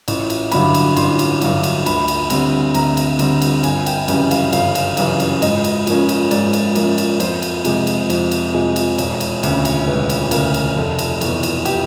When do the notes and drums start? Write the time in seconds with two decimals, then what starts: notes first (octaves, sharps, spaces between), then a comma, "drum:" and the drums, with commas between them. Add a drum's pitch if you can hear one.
0.08 A1, drum: cymbal
0.30 drum: cymbal
0.52 G2 D3 F#3 B5, drum: cymbal
0.74 drum: cymbal
0.97 A1 C6, drum: cymbal
1.19 drum: cymbal
1.41 G2 D3 F#3, drum: cymbal
1.63 drum: cymbal
1.86 D2 B5, drum: cymbal
2.08 drum: cymbal
2.30 D3 G3 C4, drum: cymbal
2.74 D2 A#5, drum: cymbal
2.97 drum: cymbal
3.19 D3 G3 C4, drum: cymbal
3.42 drum: cymbal
3.63 G1 G#5, drum: cymbal
3.86 G5, drum: cymbal
4.08 F#2 C#3 E3 G3, drum: cymbal
4.31 F5, drum: cymbal
4.53 G1 F5, drum: cymbal
4.75 drum: cymbal
4.97 F#2 C#3 E3 G3, drum: cymbal
5.20 drum: cymbal
5.42 G#2 D#5, drum: cymbal
5.64 drum: cymbal
5.87 F3 A#3 C#4, drum: cymbal
6.09 drum: cymbal
6.31 G#2 D5, drum: cymbal
6.53 drum: cymbal
6.75 F3 A#3 C#4, drum: cymbal
6.98 drum: cymbal
7.20 F2 C5, drum: cymbal
7.42 drum: cymbal
7.65 C3 F3 G#3, drum: cymbal
7.87 drum: cymbal
8.10 F2, drum: cymbal
8.31 drum: cymbal
8.53 C3 F3 G#3
8.76 drum: cymbal
8.98 E1, drum: cymbal
9.20 drum: cymbal
9.43 D2 C#3, drum: cymbal
9.65 drum: cymbal
9.88 E1 B4
10.10 drum: cymbal
10.31 D2 C#3 A#4, drum: cymbal
10.54 drum: cymbal
10.76 F1 A4
10.99 drum: cymbal
11.21 E2 B2, drum: cymbal
11.43 drum: cymbal
11.65 G4, drum: cymbal